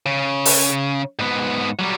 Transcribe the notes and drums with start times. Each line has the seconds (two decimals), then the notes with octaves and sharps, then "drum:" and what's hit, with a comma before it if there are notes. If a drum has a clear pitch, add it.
0.06 C#3
0.45 drum: open hi-hat
1.19 G#2 B3
1.79 F#3 G3